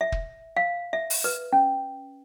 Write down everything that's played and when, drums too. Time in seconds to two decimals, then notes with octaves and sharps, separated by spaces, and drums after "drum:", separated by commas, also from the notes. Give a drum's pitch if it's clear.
0.01 E5
0.12 drum: kick
0.57 F5
0.93 E5
1.10 drum: open hi-hat
1.24 B4
1.53 C#4